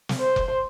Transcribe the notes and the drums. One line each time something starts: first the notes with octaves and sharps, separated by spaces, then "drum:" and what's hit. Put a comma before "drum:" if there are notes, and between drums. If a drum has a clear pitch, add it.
drum: snare
C5
drum: kick F1